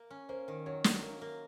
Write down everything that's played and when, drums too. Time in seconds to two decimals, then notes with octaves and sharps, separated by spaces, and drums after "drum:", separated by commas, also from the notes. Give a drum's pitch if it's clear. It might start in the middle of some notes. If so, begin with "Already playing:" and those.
Already playing: A#3
0.10 C#4
0.29 A#3 C5
0.48 D#3
0.66 F#3 C#5
0.84 F#3, drum: snare
1.02 A#3
1.21 A#3